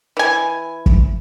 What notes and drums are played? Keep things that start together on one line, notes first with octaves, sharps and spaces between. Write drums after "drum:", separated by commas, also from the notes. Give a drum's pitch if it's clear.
E3 G#5
drum: kick